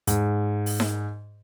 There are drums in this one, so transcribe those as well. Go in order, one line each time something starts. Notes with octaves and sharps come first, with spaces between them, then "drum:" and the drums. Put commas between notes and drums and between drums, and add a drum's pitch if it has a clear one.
G#2, drum: hi-hat
drum: open hi-hat
drum: snare D#4